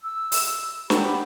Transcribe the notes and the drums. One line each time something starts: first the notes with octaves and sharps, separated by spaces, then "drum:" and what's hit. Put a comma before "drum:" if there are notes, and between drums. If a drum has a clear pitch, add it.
E6
drum: open hi-hat
G4 F#5 B5, drum: snare